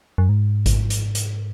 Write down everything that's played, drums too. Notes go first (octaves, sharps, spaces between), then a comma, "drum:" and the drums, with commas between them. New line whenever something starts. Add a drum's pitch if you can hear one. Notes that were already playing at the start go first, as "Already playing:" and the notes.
F#2
G#2
drum: kick G#1, hi-hat
drum: hi-hat
drum: hi-hat